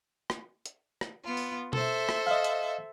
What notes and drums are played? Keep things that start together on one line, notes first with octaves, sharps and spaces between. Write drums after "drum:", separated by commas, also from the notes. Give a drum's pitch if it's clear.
drum: rim click
drum: hi-hat
drum: rim click
B3 F4
drum: open hi-hat
A4 C5 E5, drum: tom B2
drum: rim click
D#5 F5
drum: hi-hat